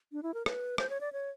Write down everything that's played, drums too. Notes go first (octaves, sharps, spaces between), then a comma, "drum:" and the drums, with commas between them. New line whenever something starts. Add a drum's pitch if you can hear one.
D4
E4
A#4
B4, drum: rim click
C5, drum: rim click
C#5
D5
C#5